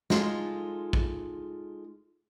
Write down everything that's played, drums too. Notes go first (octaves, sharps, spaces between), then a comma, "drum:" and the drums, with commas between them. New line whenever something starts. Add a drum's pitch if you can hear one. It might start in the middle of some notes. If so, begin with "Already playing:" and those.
G#3 D#4 F4 A4, drum: snare
drum: kick